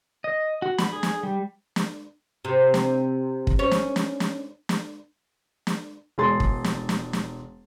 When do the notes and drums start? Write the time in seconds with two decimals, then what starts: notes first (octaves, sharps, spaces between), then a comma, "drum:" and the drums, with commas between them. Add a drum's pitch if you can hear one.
0.24 D#5
0.62 F#4
0.78 B5, drum: snare
0.93 G#4
1.03 drum: snare
1.23 G3
1.76 drum: snare
2.45 C3
2.74 drum: snare
3.47 drum: kick
3.59 C#4
3.71 drum: snare
3.96 drum: snare
4.20 drum: snare
4.69 drum: snare
5.67 drum: snare
6.18 E1 G#3 C6 A6
6.40 drum: kick
6.64 drum: snare
6.89 drum: snare
7.13 drum: snare